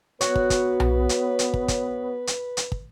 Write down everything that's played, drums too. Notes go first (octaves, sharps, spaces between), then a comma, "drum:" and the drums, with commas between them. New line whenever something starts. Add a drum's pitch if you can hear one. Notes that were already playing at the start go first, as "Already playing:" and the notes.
F#3 B3 F#4 B4 C#5, drum: hi-hat
drum: kick
drum: kick, hi-hat
drum: tom B1
drum: hi-hat
drum: hi-hat
drum: kick
drum: kick, hi-hat
drum: hi-hat
drum: hi-hat
drum: kick